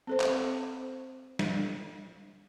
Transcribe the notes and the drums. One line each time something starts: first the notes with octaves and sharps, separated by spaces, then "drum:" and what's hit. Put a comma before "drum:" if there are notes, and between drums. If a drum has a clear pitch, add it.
C4 A4 C5
drum: clap
drum: snare